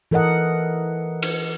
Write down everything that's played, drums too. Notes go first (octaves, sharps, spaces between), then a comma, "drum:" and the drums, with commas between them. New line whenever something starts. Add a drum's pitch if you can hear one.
E3 A4 A#4 D#5 F#5
drum: cymbal